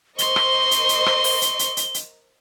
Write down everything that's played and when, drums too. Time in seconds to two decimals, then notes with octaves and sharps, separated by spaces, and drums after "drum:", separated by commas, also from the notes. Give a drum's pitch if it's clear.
0.18 A#4 C5 D#5 C6 C#6 G7, drum: hi-hat
0.36 drum: rim click
0.71 drum: hi-hat
0.89 drum: hi-hat
1.06 drum: rim click
1.24 drum: open hi-hat
1.42 drum: hi-hat
1.59 drum: hi-hat
1.77 drum: hi-hat
1.94 drum: hi-hat